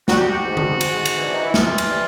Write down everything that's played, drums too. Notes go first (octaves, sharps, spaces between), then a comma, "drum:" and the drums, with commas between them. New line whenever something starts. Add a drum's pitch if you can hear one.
G3 F#4, drum: snare
G4
F#4
G#2
drum: tom D3
G#2, drum: cymbal
drum: cymbal
E3 D4
D#4
E4
E3 F4, drum: snare
drum: cymbal
G3